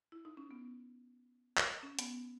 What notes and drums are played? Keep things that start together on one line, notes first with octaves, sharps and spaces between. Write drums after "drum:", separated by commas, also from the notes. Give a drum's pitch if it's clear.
E4
D#4
C#4
B3
drum: clap
C#4
B3, drum: hi-hat